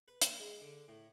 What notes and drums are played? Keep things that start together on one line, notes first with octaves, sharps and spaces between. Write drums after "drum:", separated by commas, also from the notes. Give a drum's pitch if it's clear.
B4
D#2, drum: hi-hat
G#3
D3
A2